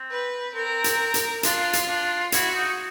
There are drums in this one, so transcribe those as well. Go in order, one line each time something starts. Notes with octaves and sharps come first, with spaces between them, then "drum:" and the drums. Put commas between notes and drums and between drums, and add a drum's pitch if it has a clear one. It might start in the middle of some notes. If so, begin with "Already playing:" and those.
Already playing: C4
B4
C4 A#4
drum: hi-hat
drum: hi-hat
D4 F4, drum: hi-hat
drum: hi-hat
D4
E4 F#4, drum: hi-hat
D#4